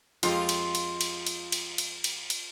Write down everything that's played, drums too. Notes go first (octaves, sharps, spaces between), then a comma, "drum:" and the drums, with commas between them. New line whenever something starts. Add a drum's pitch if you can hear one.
F2 G#3 F4 G4, drum: cymbal
drum: cymbal
drum: cymbal
drum: cymbal
drum: cymbal
drum: cymbal
drum: cymbal
drum: cymbal
drum: cymbal